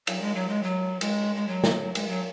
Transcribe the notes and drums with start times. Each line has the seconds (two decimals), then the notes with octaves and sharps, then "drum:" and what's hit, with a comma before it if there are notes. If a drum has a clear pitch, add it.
0.07 F#3, drum: cymbal
0.21 G#3
0.35 F#3
0.49 G#3
0.63 F#3
1.01 G#3, drum: cymbal
1.36 G#3
1.48 F#3
1.64 drum: snare
1.95 G#3, drum: cymbal
2.08 F#3